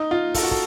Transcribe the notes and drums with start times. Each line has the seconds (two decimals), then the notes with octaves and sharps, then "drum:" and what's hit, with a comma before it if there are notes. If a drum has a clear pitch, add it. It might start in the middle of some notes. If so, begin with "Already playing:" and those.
Already playing: D#4
0.11 F4
0.34 A4, drum: kick, open hi-hat
0.43 F#4
0.51 A4, drum: kick